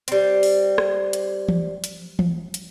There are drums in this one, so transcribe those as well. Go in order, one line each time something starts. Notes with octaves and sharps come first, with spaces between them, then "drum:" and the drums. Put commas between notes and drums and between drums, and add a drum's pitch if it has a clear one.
G3 C4, drum: hi-hat
drum: open hi-hat
drum: rim click
drum: hi-hat
drum: tom E3
drum: hi-hat
drum: tom E3
drum: hi-hat